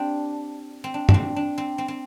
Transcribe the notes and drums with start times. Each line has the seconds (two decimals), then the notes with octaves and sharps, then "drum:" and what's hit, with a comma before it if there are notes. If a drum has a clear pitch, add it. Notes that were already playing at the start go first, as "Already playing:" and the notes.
Already playing: C4 D4 G4
0.84 C4
0.94 D4
1.09 D4, drum: tom F#2
1.14 C4
1.36 D4
1.58 C4
1.78 C4
1.88 C4